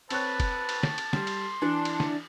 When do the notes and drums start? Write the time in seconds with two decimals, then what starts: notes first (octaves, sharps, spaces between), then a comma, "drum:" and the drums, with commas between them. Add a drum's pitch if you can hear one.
0.10 C4 B4 C#5 A5 F#6, drum: cymbal
0.40 drum: kick, cymbal
0.69 drum: cymbal
0.83 drum: snare
0.98 drum: cymbal
1.13 G3 C6, drum: snare
1.27 drum: cymbal
1.62 E3 D4
1.85 drum: cymbal
2.00 drum: snare